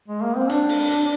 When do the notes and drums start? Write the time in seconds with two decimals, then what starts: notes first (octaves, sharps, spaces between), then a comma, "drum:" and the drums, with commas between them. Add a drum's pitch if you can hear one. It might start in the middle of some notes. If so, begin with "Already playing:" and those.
0.08 G#3
0.22 A#3
0.37 C4
0.49 D4, drum: hi-hat
0.69 drum: open hi-hat
0.88 drum: hi-hat